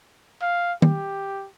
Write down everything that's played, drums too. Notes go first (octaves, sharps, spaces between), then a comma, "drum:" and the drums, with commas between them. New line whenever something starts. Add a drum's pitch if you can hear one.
F5
G4, drum: tom D#3